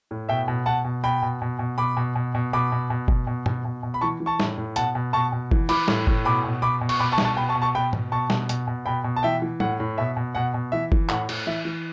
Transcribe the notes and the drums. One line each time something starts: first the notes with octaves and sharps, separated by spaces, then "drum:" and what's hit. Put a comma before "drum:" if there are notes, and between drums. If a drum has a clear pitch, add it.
A2
B2 E5 G5
B2
B2 F#5 A5
B2
B2 G5 B5
B2
B2
B2
B2 B5 D6
B2
B2
B2
B2 B5 D6
B2
B2
B2, drum: kick F#1
B2
B2, drum: tom
B2
B2
B5
E3 A5 C#6
E3
A5 C#6
A2, drum: snare
A2
B2 F#5 A5, drum: hi-hat
B2
B2 A5 C#6
B2
E3, drum: kick F#1
E3 B5 D6, drum: cymbal
A2, drum: snare
A2, drum: kick F#1
B2 B5 D6
B2
B2 B5 D6
B2
C#6, drum: cymbal
B2 B5 D6
A5 C#6
B2, drum: snare
A5 C#6
B2 G5 B5
A5 C#6
B2
A5 C#6
B2 G5 B5
B2, drum: tom G#2
B2 A5 C#6
B2, drum: snare
B2, drum: hi-hat
B2
B2 G5 B5
B2
A5
E3 E5 G5
E3
A2 F#5, drum: tom
A2
B2 E5
B2
B2 F#5
B2
E3 E5
E3, drum: kick F#1
A2 F#5, drum: clap
A2, drum: cymbal
E3 E5
E3